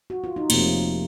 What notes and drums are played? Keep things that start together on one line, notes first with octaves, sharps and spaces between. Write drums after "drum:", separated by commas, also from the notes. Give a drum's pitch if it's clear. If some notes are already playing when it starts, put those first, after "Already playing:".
F#4
F4
D#4
F1 F2 C3 A#3 C#4, drum: cymbal